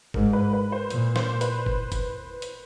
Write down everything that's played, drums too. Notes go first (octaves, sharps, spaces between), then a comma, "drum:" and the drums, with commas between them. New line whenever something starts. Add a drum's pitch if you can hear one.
G#2 A#4, drum: kick F#1
B4
B4
C5
A#2, drum: hi-hat
C5, drum: snare
B4, drum: hi-hat
drum: kick F#1
drum: kick F#1, hi-hat
drum: hi-hat